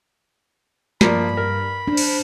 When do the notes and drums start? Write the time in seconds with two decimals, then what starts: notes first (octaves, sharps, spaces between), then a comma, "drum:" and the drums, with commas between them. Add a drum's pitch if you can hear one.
1.01 G2 F3 A#3 D5 B5, drum: snare
1.37 A#4
1.88 D4 C5 F#6
1.97 drum: cymbal